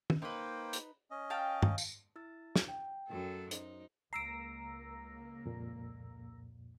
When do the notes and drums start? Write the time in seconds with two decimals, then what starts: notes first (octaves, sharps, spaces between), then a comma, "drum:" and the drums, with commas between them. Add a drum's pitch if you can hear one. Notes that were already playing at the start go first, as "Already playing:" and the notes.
0.10 drum: tom
0.22 A#3 D#4 B4 C5 G5
0.73 drum: hi-hat
1.11 C#4 D#5
1.30 F5 G5 A5
1.62 drum: tom G2
1.78 drum: tambourine
2.16 E4 E6 A6
2.56 drum: snare
2.68 G5
3.08 F#2 F#3 A4
3.51 D#4 C5, drum: hi-hat
4.13 C#2 A#3 A#5 E6 A#6 C7 D7
5.45 F2 A#2